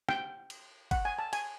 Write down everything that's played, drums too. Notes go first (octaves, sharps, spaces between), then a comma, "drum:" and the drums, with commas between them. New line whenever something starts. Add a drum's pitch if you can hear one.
G5, drum: rim click
drum: cymbal
F#5, drum: kick G1, cymbal
G#5
A5
G#5, drum: cymbal